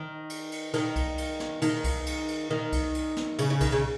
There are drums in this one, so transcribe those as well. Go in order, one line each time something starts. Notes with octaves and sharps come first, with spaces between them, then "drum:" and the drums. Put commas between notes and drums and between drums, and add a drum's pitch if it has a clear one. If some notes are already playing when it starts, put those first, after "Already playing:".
Already playing: D#3
drum: cymbal
drum: cymbal
D#3, drum: cymbal
drum: kick C2, cymbal
drum: cymbal
drum: snare
D#3, drum: cymbal
drum: kick C2, cymbal
drum: cymbal
drum: cymbal
D#3
drum: kick C2, cymbal
drum: cymbal
drum: snare
C#3, drum: cymbal
C#3
D#3, drum: kick C2, cymbal
C#3